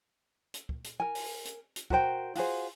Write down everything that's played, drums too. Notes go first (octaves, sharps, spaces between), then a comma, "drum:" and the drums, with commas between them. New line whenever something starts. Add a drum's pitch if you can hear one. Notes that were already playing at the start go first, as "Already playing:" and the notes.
drum: hi-hat
drum: kick
drum: hi-hat
A#4 G#5
drum: open hi-hat
drum: hi-hat
drum: hi-hat
F#4 A#4 C5 G5, drum: kick
F4 F#4 G#4 C5, drum: open hi-hat